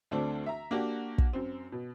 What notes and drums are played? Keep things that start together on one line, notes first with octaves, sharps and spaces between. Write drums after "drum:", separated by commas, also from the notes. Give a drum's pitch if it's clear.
D2 A3 C4 D4
E5 A#5
A#3 D4 F#4 G4
drum: kick
F#2 C4
B2